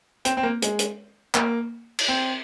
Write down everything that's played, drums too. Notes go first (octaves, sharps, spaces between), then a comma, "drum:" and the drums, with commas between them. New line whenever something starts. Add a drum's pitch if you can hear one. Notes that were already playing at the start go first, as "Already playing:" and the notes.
C4, drum: hi-hat
C4
A#3
G#3, drum: hi-hat
drum: hi-hat
A#3, drum: clap
drum: cymbal
C4